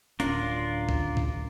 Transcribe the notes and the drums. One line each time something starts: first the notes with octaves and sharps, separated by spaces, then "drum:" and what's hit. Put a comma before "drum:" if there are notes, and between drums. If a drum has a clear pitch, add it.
D1 C#4 D4 F4 A#4, drum: hi-hat
drum: kick
drum: kick